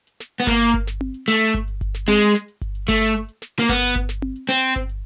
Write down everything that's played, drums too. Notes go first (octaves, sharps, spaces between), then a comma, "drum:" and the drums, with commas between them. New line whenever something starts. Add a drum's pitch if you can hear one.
drum: hi-hat
drum: snare
B3
A#3, drum: kick G1, hi-hat
drum: hi-hat
drum: kick G1, hi-hat
drum: snare
drum: tom C4
drum: hi-hat
A3, drum: snare
drum: kick G1, hi-hat
drum: hi-hat
drum: kick G1, hi-hat
drum: snare
G#3, drum: tom C4
drum: hi-hat
drum: snare
drum: hi-hat
drum: kick G1, hi-hat
drum: hi-hat
A3, drum: kick G1, hi-hat
drum: snare
drum: hi-hat
drum: snare
A#3
B3, drum: kick G1, hi-hat
drum: hi-hat
drum: kick G1, hi-hat
drum: snare
drum: tom C4
drum: hi-hat
C4, drum: snare
drum: hi-hat
drum: kick G1, hi-hat
drum: hi-hat